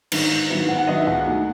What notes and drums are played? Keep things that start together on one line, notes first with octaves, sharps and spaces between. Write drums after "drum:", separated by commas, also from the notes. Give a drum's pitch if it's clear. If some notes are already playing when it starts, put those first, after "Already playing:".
G#2 D#3, drum: cymbal
G#2
D#3 F#3 B3 E4
G#2 F#5
F#5
D#3 F#3 B3 E4 D#5
E5
C#2 F#5
B2 A3 D#4